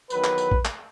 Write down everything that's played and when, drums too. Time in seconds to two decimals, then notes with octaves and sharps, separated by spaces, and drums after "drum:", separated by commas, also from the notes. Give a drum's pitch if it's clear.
0.10 E2 D#3 F#3 B4, drum: tambourine
0.24 drum: clap
0.38 drum: tambourine
0.51 drum: kick
0.65 drum: clap